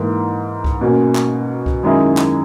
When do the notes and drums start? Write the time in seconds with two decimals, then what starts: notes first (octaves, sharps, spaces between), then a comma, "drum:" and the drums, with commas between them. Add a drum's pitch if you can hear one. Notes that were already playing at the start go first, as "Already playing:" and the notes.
Already playing: G#2 E3 A#3
0.64 drum: kick C2
0.81 B2 A#3 C#4
1.15 drum: clap
1.66 drum: kick C2
1.83 F#2 D#3 G#3 C#4 E4
2.17 drum: clap